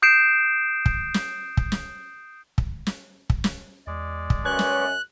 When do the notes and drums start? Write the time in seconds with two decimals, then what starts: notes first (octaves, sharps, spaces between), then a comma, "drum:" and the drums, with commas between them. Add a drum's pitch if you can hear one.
0.02 D#6 G6 C7 D7 E7
0.86 drum: kick
1.14 drum: snare
1.57 drum: kick
1.72 drum: snare
2.58 drum: kick
2.87 drum: snare
3.30 drum: kick
3.44 drum: snare
3.87 E2 G#3 D5
4.30 drum: kick
4.45 F#2 C#4 B4 C#5 C#6 F#6
4.59 drum: snare